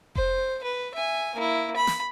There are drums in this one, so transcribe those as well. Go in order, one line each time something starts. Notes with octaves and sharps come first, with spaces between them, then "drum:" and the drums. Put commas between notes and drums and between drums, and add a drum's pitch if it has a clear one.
C5, drum: kick F1
B4
E5 G#5
A#3 E4
B5
drum: snare